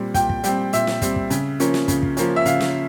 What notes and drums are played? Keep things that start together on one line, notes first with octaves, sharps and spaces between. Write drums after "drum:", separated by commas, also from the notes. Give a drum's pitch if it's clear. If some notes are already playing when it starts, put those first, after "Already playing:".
Already playing: A#2 G3 C4
A#2 G5, drum: kick, hi-hat
drum: kick
G3 C4 G5, drum: hi-hat
A#2 E5, drum: hi-hat
drum: snare
G3 C4, drum: kick, hi-hat
drum: kick
C#3, drum: hi-hat
F3 A#3 C#4, drum: hi-hat
drum: snare
C#3, drum: kick, hi-hat
drum: kick
F3 A#3 C#4, drum: hi-hat
E5
C#3 F5, drum: hi-hat
drum: snare